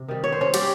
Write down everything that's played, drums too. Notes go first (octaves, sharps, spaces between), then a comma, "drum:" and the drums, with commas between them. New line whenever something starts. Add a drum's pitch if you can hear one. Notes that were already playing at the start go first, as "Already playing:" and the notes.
Already playing: C3
D#3 G3
C#5
C5
C#4 C#5
G3 G4, drum: cymbal